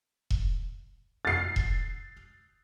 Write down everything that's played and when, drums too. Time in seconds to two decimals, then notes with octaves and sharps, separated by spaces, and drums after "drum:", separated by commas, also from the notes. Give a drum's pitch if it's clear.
0.30 drum: kick E1
1.25 A6 C7
1.56 drum: kick E1